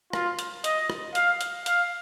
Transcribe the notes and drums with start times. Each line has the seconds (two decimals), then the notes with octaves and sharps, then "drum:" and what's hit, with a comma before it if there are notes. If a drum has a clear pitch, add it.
0.13 F4, drum: rim click
0.39 drum: hi-hat
0.64 D#5, drum: hi-hat
0.90 drum: rim click
1.15 F5, drum: hi-hat
1.41 drum: hi-hat
1.66 F5, drum: hi-hat